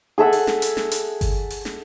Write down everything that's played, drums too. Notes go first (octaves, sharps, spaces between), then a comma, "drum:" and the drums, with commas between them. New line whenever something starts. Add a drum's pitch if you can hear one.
G#4 A4 E5 F#5
drum: open hi-hat
drum: snare
drum: hi-hat
drum: snare
drum: hi-hat
drum: kick G1, open hi-hat
drum: open hi-hat
drum: snare